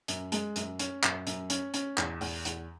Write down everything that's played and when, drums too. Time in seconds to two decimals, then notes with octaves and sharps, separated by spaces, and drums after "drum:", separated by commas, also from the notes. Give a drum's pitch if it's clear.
0.08 F#2, drum: hi-hat
0.32 G#3, drum: hi-hat
0.56 F#2, drum: hi-hat
0.79 C#4, drum: hi-hat
1.03 F#2, drum: clap
1.27 F#2, drum: hi-hat
1.50 C#4, drum: hi-hat
1.74 C#4, drum: hi-hat
1.98 E2, drum: clap
2.21 E2, drum: open hi-hat
2.45 E2, drum: hi-hat